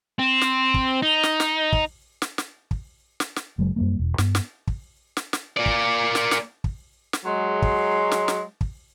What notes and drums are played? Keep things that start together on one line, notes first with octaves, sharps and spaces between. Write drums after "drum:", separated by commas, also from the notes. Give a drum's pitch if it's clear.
C4
drum: snare
drum: kick
D#4
drum: snare
drum: snare
drum: kick
drum: snare
drum: snare
drum: kick
drum: snare
drum: snare
F#1 F#3 G#3
F#2 G3 A#3
E1
G2 B3, drum: snare
drum: snare
drum: kick
drum: snare
drum: snare
A#3 D5
drum: kick
drum: snare
drum: snare
drum: kick
drum: snare
F#3 G#3 C6
drum: kick
drum: snare
drum: snare
drum: kick